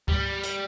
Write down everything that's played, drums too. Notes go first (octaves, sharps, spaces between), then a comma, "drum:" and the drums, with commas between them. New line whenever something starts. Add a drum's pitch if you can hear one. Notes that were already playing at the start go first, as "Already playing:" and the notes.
G3, drum: kick C#2
drum: hi-hat